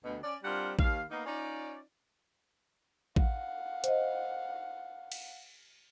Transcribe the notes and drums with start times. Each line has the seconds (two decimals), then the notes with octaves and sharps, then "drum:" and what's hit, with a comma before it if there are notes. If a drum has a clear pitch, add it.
0.04 D2 B2
0.22 C#4 D5
0.44 G3 C4 D4 F4 A#4 F#5
0.79 D#2 F5, drum: kick A1
1.10 A#3 B3 D#4
1.26 C#4 D#4 F4 D5
3.16 F5 F#5, drum: kick A1
3.84 C5 D#5, drum: hi-hat
5.12 drum: cymbal